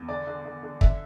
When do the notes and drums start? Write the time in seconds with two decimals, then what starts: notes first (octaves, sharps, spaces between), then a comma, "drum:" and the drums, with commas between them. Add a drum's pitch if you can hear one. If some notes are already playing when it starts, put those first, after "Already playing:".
Already playing: E2
0.08 D3 D5
0.27 D3
0.45 D3
0.63 D3
0.81 D3 E5, drum: kick